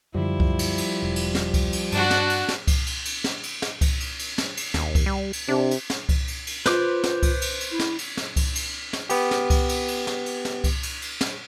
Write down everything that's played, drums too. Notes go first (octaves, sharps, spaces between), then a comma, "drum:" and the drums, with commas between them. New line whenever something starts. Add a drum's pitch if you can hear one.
F#2 D3 F3 G3 E4
drum: kick C2
drum: cymbal
drum: cymbal
E1
drum: cymbal
drum: snare
drum: kick C2, cymbal
drum: cymbal
G2 D4 F#4 F#5 A5, drum: cymbal
drum: snare
drum: cymbal
drum: snare
drum: kick C2, cymbal
drum: cymbal
drum: cymbal
drum: snare
drum: cymbal
drum: snare
drum: kick C2, cymbal
drum: cymbal
drum: cymbal
drum: snare
drum: cymbal
D#2, drum: snare
drum: kick C2, cymbal
G3
drum: cymbal
C3 D4
drum: cymbal
drum: snare
drum: kick C2, cymbal
drum: cymbal
drum: cymbal
F4 B4 C5 D6, drum: snare
drum: snare
drum: kick C2, cymbal
drum: cymbal
drum: cymbal
E4
drum: snare
drum: cymbal
drum: snare
drum: kick C2, cymbal
drum: cymbal
drum: snare
B3 G4, drum: cymbal
drum: snare
drum: kick C2, cymbal
drum: cymbal
drum: cymbal
drum: snare
drum: cymbal
drum: snare
drum: kick C2, cymbal
drum: cymbal
drum: cymbal
drum: snare